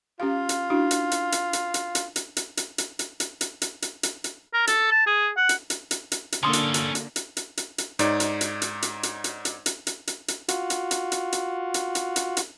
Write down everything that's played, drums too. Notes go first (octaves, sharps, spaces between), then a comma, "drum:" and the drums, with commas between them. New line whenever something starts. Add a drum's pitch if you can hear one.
C#4 F4 G4 F5
drum: hi-hat
D4 E4 F#4
drum: hi-hat
drum: hi-hat
drum: hi-hat
drum: hi-hat
drum: hi-hat
drum: hi-hat
drum: hi-hat
drum: hi-hat
drum: hi-hat
drum: hi-hat
drum: hi-hat
drum: hi-hat
drum: hi-hat
drum: hi-hat
drum: hi-hat
drum: hi-hat
drum: hi-hat
A#4
A4, drum: hi-hat
A5
G#4
F#5
drum: hi-hat
drum: hi-hat
drum: hi-hat
drum: hi-hat
drum: hi-hat
D3 A#3 C#4 A4 C6 D#6
drum: hi-hat
drum: hi-hat
drum: hi-hat
drum: hi-hat
drum: hi-hat
drum: hi-hat
drum: hi-hat
G#2 D#4 C#5 D5, drum: hi-hat
drum: hi-hat
drum: hi-hat
drum: hi-hat
drum: hi-hat
drum: hi-hat
drum: hi-hat
drum: hi-hat
drum: hi-hat
drum: hi-hat
drum: hi-hat
drum: hi-hat
F4 F#4, drum: hi-hat
drum: hi-hat
drum: hi-hat
drum: hi-hat
drum: hi-hat
drum: hi-hat
drum: hi-hat
drum: hi-hat
drum: hi-hat